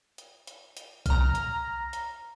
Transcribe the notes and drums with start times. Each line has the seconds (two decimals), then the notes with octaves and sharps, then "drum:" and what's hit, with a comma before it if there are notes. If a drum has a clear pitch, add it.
0.18 drum: hi-hat
0.47 drum: hi-hat
0.77 drum: hi-hat
1.06 A#5 F6, drum: kick C2, hi-hat
1.35 drum: hi-hat
1.93 drum: hi-hat